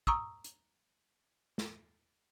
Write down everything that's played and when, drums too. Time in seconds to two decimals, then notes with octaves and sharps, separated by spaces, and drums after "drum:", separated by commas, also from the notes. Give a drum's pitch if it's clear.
0.07 A#5 C#6 D#6 E6, drum: kick
0.44 drum: hi-hat
1.58 drum: snare